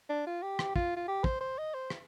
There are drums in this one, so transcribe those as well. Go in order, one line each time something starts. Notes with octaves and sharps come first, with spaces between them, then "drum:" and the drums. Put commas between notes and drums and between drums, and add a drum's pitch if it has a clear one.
D4
F4
G4
drum: rim click
F4, drum: kick
F4
G4
C5, drum: kick
C5
D#5
C5
drum: rim click